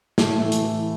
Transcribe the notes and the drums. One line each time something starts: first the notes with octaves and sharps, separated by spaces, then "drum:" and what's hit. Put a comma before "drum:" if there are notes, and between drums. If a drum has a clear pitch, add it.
A2 A3, drum: snare
E3 A3
drum: hi-hat
E3